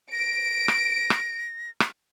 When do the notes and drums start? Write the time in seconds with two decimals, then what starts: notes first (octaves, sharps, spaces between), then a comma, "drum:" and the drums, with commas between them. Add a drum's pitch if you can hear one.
0.12 A#6 D7
0.68 drum: rim click
1.10 drum: rim click
1.80 drum: rim click